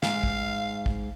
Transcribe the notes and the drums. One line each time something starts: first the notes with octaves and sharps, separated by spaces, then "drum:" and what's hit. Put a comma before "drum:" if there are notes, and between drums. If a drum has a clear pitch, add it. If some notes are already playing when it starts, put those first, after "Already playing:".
G#2 F5, drum: snare
drum: kick
drum: kick